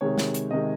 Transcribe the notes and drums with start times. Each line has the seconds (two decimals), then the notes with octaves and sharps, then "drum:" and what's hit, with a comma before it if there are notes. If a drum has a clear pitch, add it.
0.01 C3 D#3 G#3 C#5
0.18 drum: snare
0.34 drum: hi-hat
0.50 C3 D#3 G#3 D#5